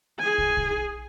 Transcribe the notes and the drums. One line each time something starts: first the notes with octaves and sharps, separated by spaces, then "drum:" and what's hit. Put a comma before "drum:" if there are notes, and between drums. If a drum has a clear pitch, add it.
G#4 G#5
drum: kick
drum: kick